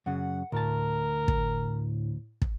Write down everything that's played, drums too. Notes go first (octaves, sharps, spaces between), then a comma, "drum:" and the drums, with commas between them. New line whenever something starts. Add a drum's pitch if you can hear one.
F#2 C#3 F#5
D2 A2 A#4 A5
drum: kick
drum: kick